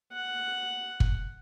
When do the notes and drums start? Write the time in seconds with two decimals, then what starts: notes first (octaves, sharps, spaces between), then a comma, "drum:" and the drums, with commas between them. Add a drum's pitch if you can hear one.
0.13 F#5
1.00 drum: kick